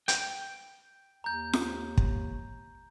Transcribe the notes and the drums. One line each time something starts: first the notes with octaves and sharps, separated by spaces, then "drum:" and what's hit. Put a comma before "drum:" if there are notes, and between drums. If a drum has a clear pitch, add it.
G5, drum: hi-hat
D#2 A#5 G6
drum: snare F4
drum: kick